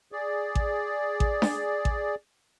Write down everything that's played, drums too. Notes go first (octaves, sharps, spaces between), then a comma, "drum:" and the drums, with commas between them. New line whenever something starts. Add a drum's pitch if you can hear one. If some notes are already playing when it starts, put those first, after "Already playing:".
G#4 D5
drum: kick A1
drum: kick A1
drum: snare D4
drum: kick A1